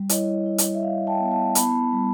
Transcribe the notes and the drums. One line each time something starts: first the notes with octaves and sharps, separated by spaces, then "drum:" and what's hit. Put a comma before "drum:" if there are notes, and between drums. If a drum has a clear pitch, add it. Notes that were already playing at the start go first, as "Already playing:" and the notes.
Already playing: G3
E4 C#5 D#5, drum: hi-hat
E4
drum: hi-hat
E5
E4 D#5 F5
G5 A5
B3
G5 A5
B3 A5 B5, drum: hi-hat
G3